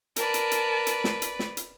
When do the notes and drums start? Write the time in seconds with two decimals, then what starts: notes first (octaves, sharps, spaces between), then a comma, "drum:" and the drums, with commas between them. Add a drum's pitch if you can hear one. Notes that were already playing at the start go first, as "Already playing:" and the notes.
0.16 A#4 B4 D5 A5, drum: hi-hat
0.34 drum: hi-hat
0.51 drum: hi-hat
0.87 drum: hi-hat
1.04 drum: snare
1.22 drum: hi-hat
1.39 drum: snare
1.57 drum: hi-hat